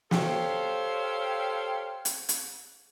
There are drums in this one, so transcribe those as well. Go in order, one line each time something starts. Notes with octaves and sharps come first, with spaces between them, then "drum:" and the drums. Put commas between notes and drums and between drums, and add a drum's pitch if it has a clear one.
G4 A4 C5 C#5 F5, drum: snare
drum: hi-hat
drum: hi-hat